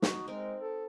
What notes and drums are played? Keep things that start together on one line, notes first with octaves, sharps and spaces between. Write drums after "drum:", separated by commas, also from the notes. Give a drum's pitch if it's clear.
D#4 F#4, drum: snare
G#3 C4 A#4
A4